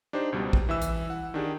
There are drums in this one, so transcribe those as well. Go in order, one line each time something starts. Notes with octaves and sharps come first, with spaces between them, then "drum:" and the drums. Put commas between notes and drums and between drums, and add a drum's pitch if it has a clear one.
D4 D#4 G4 C5
C#2 B2 G3
drum: kick A1
E3 E5 E6
drum: hi-hat
F#5
D#3 D4 G4 G#4